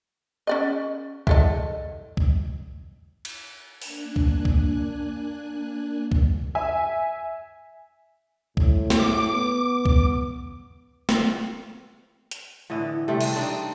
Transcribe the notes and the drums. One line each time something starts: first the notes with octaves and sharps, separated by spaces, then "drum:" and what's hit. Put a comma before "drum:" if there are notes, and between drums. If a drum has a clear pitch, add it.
C#4 D5 D#5
E4 A4 D#5, drum: kick
drum: kick
drum: cymbal
A#3 D4 G#5 F#6, drum: open hi-hat
drum: kick
drum: kick
drum: kick
E5 G#5
A2, drum: kick
drum: snare
D6
B3
drum: kick
drum: snare
drum: hi-hat
A2 D3 E3 D#5
C3 G3 A3
drum: cymbal
C4 D4 D#4